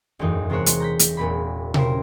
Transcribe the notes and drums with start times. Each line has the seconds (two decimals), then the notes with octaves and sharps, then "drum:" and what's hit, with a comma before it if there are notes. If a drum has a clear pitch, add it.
0.19 E1 F#2 A2 E3 D#4
0.50 C3 G#3 A#4 C5 C#5 F#6
0.66 drum: hi-hat
0.80 A#5 G6 B6
0.99 drum: hi-hat
1.17 E1 A#2 F#3 A#3 B5
1.74 C#3 E4 G4 A#4 C5, drum: tom B2